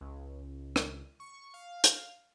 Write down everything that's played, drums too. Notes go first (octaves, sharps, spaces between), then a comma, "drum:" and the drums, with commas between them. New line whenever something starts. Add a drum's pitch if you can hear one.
C#2
drum: rim click
C#6
F5
drum: hi-hat